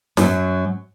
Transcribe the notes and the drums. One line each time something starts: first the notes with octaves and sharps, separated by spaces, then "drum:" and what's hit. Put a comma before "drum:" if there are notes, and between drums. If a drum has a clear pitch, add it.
F#2 F#3, drum: snare